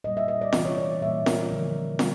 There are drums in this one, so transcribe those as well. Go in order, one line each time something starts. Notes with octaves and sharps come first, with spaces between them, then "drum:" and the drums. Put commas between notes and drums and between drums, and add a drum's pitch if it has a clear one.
A#2 G3 A#3 D#5
E5
D#5
D5
C3 E3 G#3 D5, drum: snare
C#5
D5
A#2 G3 A#3 E5
A#4, drum: snare
D3 F3 A#3
D3 G3 A#3, drum: snare